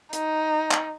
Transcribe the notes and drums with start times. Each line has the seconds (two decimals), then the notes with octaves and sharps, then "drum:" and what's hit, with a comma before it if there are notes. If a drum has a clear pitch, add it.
0.13 D#4, drum: hi-hat
0.71 drum: clap